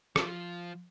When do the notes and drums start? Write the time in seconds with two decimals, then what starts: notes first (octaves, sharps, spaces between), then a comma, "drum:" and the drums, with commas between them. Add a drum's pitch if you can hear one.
0.16 F3 F4, drum: rim click